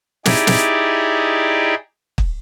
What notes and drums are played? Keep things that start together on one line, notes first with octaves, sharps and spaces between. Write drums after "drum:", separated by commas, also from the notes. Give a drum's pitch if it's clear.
D#4 E4 G4 G#4 D5, drum: snare
drum: snare
drum: kick